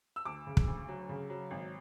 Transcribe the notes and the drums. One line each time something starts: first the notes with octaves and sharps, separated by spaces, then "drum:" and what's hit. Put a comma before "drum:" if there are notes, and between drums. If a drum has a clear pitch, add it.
E6
D2 D6
C#3
drum: kick
D2
F#3
C#3
F#3
G#1